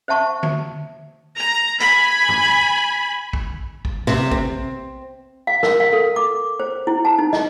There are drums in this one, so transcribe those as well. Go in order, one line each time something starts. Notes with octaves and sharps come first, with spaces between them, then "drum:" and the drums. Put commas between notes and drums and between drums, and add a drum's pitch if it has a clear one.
C5 E5 F#5 A5 C#6
drum: tom D3
A#5
G#5 B5, drum: hi-hat
drum: tom
drum: kick
drum: kick
C3, drum: snare
C4, drum: kick
F5
A#4, drum: snare
F5
A4
D6
C5
E4
A5
D#4
D#5, drum: snare